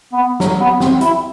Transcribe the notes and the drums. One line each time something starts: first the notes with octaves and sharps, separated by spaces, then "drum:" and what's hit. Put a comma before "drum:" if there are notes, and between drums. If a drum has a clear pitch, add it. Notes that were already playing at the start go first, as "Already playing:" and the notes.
B3
F#3, drum: snare
B3
C4, drum: snare
E4, drum: hi-hat